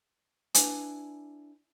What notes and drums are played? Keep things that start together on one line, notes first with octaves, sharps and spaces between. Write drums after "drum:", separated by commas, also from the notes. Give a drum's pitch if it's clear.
D4 E4 B4 G#5, drum: hi-hat